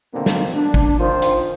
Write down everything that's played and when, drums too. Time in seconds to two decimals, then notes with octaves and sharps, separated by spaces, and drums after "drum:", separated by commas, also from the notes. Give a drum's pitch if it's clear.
0.12 F#2 B2 D3 D#3 A#3 C4
0.26 drum: snare
0.54 D4
0.74 drum: kick G#1
0.98 D#3 F4 C5
1.22 drum: hi-hat